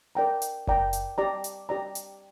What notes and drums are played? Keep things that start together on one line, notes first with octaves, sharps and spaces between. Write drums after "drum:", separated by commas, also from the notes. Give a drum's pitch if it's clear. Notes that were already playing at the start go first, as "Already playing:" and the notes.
A#4 D5 G5 A#5
drum: hi-hat
A#4 D5 G5 A#5, drum: kick F#1
drum: hi-hat
G4 D5 A#5
drum: hi-hat
G4 D5 A#5
drum: hi-hat